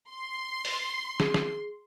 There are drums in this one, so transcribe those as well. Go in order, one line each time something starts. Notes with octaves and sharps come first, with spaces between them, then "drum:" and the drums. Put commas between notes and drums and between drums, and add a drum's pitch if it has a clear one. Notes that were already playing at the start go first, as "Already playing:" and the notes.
C6
drum: open hi-hat
G#4, drum: snare
drum: snare